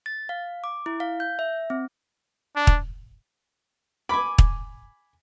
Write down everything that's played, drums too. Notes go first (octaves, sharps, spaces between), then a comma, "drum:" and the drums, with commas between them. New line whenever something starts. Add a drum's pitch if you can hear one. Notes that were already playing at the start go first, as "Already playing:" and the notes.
A6
F5
D6
E4
F5
G6
E5
C4
D4
drum: kick
G#5 B5 D6
drum: kick